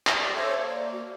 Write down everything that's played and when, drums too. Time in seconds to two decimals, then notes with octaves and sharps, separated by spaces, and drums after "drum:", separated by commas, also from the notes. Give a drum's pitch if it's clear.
0.07 drum: clap
0.17 G4 D5
0.35 A4 C5 C#5 E5
0.57 A#3
0.69 D5
0.92 F#4